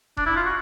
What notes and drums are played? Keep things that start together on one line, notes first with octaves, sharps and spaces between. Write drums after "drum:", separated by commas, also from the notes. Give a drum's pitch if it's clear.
D4, drum: kick E1
E4
F4
F#4